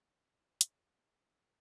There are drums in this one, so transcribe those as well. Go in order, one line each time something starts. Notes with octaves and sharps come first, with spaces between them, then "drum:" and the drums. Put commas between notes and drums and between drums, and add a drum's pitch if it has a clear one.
C6
D4
E4, drum: hi-hat
D4
F5
F3
C5